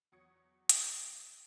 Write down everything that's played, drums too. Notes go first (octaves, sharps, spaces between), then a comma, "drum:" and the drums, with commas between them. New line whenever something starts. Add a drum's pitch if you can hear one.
E2 F#3 C#6 D#6 G#6 C#7
drum: hi-hat